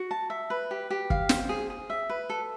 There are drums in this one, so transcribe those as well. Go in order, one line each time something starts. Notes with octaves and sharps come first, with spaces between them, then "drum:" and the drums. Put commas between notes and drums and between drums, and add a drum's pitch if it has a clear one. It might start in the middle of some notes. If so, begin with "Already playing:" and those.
Already playing: F#4
A5
E5
B4
G4
G4
F5, drum: kick
C5, drum: snare
G#4
G#4
E5
B4
A4